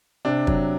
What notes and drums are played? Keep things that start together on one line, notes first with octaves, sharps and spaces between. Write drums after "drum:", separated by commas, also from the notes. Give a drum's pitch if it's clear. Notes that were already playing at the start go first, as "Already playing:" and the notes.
C3 D4
F#3, drum: kick